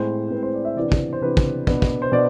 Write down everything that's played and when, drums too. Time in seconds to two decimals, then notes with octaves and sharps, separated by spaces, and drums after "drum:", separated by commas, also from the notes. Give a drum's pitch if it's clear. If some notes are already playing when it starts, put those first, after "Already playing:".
Already playing: A2 G#3 C4 C5
0.31 A2 G#3 C4 B4
0.43 C5
0.54 D5
0.65 E5
0.76 C3 E3 B3 D4 D5
0.92 drum: kick
1.13 C5
1.21 C3 E3 B3 D4 B4
1.37 drum: kick
1.67 B2 B3 D4, drum: kick
1.82 drum: kick
2.02 C5
2.12 B2 B3 D4 D5